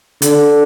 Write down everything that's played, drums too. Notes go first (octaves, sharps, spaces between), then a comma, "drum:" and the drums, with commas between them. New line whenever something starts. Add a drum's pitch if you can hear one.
D3, drum: hi-hat